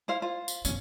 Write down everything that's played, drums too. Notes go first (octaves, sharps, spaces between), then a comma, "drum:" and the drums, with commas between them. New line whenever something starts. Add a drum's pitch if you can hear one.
E4 C5 F5
F4 C5
drum: tambourine
F#2 C4 C#4, drum: tambourine